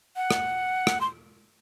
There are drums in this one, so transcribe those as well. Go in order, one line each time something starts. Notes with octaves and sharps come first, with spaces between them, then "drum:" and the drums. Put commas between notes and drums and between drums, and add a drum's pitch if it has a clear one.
F#5
drum: rim click
drum: rim click
C6